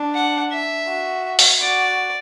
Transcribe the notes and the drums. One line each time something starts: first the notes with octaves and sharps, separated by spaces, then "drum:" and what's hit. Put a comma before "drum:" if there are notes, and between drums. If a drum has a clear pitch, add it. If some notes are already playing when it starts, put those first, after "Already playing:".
Already playing: D4
F#5
E5
F#4
drum: open hi-hat
F#4 D5